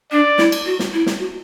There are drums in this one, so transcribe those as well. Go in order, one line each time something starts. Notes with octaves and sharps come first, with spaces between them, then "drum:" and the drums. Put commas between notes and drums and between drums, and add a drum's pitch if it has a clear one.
D4 D5
E4, drum: snare
drum: cymbal
F#4
drum: snare
E4
drum: snare
F#4